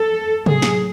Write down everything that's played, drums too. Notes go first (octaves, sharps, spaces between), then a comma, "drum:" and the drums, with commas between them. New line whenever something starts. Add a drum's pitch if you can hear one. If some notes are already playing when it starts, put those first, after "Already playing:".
Already playing: A4
A2 F#3 A3 G#4, drum: tom C3
drum: snare